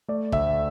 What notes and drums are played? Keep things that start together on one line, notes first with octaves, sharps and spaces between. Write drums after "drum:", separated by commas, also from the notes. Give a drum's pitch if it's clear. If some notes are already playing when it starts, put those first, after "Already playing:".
A3 D5
D2 E5, drum: kick